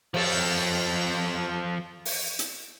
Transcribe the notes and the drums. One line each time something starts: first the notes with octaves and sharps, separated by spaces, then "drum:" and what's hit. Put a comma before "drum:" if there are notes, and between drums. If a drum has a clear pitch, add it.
F3 A4, drum: cymbal
drum: open hi-hat
drum: hi-hat